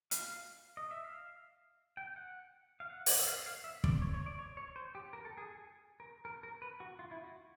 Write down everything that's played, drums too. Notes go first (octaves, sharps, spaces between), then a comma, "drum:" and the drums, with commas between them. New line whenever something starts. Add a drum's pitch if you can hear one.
F5, drum: hi-hat
D#5
E5
F5
G5
F#5
F5
F#5
drum: open hi-hat
E5
F5
F5
E5
D5, drum: kick
C#5
C#5
D5
C#5
C#5
C5
G4
A#4
A4
G#4
G#4
A#4
A#4
A#4
B4
F#4
F4
E4
F#4